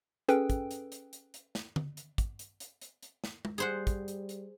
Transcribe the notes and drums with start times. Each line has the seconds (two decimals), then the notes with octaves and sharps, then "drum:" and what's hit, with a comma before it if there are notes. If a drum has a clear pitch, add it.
0.28 C#4 G#4 A4 B4 G5, drum: hi-hat
0.50 drum: kick, hi-hat
0.71 drum: hi-hat
0.92 drum: hi-hat
1.13 drum: hi-hat
1.34 drum: hi-hat
1.55 drum: snare
1.76 drum: tom D3
1.97 drum: hi-hat
2.18 drum: kick, hi-hat
2.39 drum: hi-hat
2.60 drum: hi-hat
2.81 drum: hi-hat
3.03 drum: hi-hat
3.24 drum: snare
3.45 drum: tom
3.58 G3 G#4 C5 F#5
3.87 drum: kick, hi-hat
4.08 drum: hi-hat
4.29 drum: hi-hat